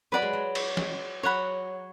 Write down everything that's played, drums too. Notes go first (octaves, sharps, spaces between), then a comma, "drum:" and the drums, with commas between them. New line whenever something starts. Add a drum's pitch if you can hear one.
F#3 B4 D5 F#5 B5
G#3
F#3
drum: cymbal
drum: snare
F#3 C#5 F#5 B5